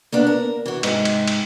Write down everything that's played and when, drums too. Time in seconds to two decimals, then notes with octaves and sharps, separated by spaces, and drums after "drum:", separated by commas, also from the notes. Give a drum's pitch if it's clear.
0.12 A#3 B3 D4
0.27 A#4
0.66 E3 F#4
0.83 G#2 C3, drum: cymbal
1.05 drum: cymbal
1.27 drum: cymbal